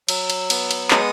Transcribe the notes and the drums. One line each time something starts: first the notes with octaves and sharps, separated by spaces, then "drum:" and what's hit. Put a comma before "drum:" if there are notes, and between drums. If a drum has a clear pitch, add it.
F#3 E6, drum: cymbal
drum: cymbal
B3, drum: cymbal
drum: cymbal
G#3 D#6, drum: clap